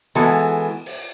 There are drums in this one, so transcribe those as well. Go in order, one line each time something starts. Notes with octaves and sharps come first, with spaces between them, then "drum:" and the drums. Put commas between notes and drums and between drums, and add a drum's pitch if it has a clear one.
E3 G#3 B3 F#4 A4, drum: cymbal
drum: open hi-hat